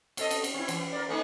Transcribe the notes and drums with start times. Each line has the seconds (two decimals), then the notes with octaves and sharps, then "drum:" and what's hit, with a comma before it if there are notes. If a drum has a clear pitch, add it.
0.17 C4 A4 D#5, drum: cymbal
0.31 drum: cymbal
0.44 drum: cymbal
0.54 C4 E4
0.68 E3, drum: cymbal
0.92 A#4 D5
1.08 A3 A#3 D#4